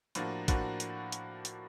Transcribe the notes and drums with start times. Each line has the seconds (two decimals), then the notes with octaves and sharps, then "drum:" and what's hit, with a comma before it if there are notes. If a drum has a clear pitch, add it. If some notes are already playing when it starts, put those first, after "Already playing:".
0.15 A2 F3 A#3 D4 F#4, drum: hi-hat
0.48 A2 F3 A#3 D4 F#4, drum: kick, hi-hat
0.80 drum: hi-hat
1.12 drum: hi-hat
1.45 drum: hi-hat